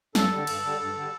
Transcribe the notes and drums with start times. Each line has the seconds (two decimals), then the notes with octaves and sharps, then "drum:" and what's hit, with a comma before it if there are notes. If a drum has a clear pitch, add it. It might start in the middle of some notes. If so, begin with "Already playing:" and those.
0.15 G2 A4, drum: snare
0.31 D3 G3
0.47 G2, drum: cymbal
0.63 D3 G3
0.79 G2
0.95 D3 G3